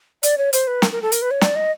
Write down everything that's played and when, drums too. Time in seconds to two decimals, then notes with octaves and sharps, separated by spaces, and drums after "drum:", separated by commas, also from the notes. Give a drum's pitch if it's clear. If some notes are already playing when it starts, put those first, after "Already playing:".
0.23 D5, drum: hi-hat
0.38 C#5
0.53 C5, drum: hi-hat
0.67 B4
0.82 A#4, drum: snare
0.92 A#4
1.02 A4
1.12 A#4, drum: hi-hat
1.22 B4
1.31 C#5
1.41 D5, drum: snare
1.56 D#5